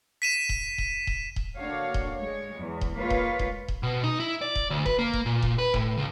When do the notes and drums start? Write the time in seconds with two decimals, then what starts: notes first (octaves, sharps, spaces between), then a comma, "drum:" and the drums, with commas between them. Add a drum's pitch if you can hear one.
0.22 B6 D#7 E7
0.49 drum: kick D#1
0.78 drum: kick D#1
1.07 drum: kick D#1
1.36 drum: kick D#1
1.56 D3 A#3 D4 F#4 C#5 F5
1.94 drum: kick D#1
2.16 G#3 C#5
2.59 E2
2.81 drum: kick D#1
2.97 G#3 A#3 F4 B4 C#5 F5
3.10 drum: kick D#1
3.39 drum: kick D#1
3.68 drum: kick D#1
3.83 B2
4.03 D#4
4.20 E4
4.41 D5
4.55 drum: kick D#1
4.70 D2
4.86 B4, drum: kick D#1
4.99 A#3
5.13 drum: kick D#1
5.26 A#2
5.42 drum: kick D#1
5.58 B4
5.74 A2, drum: kick D#1
5.97 C#2